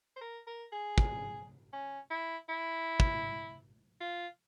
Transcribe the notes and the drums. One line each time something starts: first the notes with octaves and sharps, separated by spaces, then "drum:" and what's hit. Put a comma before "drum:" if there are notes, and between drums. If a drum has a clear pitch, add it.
C5
A#4
A#4
G#4
drum: kick
C#4
E4
E4
drum: kick
F4